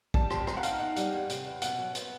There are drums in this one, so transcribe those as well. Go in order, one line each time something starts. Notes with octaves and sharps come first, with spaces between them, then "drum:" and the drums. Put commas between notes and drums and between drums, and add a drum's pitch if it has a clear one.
G3 A5, drum: kick
C4 A5, drum: rim click
C4 A#5, drum: rim click
F#5
D#4 F5, drum: hi-hat
D#4 F#5
G3 F#5, drum: hi-hat
E2
C3, drum: hi-hat
E2
B2 F#5, drum: hi-hat
F#3
B3, drum: hi-hat